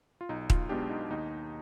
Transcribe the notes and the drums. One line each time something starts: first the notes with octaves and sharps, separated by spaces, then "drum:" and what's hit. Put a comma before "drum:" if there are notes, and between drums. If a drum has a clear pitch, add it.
F4
B1 D#4
F4, drum: kick D#1
B2 G#3 B3 D4 G4
D#4
D#2 D#4